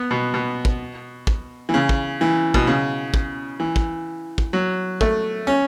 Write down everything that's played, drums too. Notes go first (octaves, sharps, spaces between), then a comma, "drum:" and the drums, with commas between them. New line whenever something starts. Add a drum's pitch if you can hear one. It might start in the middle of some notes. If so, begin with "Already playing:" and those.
Already playing: B3
B2
B2
drum: kick
drum: kick
E3
C#3
drum: kick
E3
B2, drum: kick
C#3
drum: kick
E3
drum: kick
drum: kick
F#3
A3, drum: kick
C#4